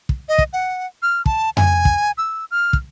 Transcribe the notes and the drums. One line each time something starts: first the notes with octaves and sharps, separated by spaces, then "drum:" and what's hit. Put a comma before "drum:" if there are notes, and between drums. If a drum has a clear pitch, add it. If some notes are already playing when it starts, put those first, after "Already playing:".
drum: kick
D#5
drum: kick
F#5
F6
A5, drum: kick
G#5, drum: tom F2
drum: kick
E6
F6
drum: kick